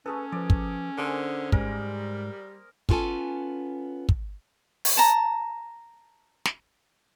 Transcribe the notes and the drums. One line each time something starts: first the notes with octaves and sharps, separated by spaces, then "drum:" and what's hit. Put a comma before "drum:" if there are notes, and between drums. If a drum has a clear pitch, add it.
A3 C#4 G#4 A4 B4
F3 B4 D5
drum: kick
D3 A#3 G#4 A#4 C5
G#2 G3 G#3 A#4 G#5, drum: kick
B3 C#4 F4 F#4 A4 G#5, drum: kick
drum: kick
drum: open hi-hat
A5 A#5
drum: snare